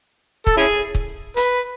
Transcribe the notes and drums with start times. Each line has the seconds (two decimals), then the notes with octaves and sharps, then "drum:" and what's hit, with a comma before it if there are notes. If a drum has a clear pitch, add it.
0.47 A4, drum: kick
0.57 C#4 E4 G#4
0.95 drum: kick
1.37 B4, drum: hi-hat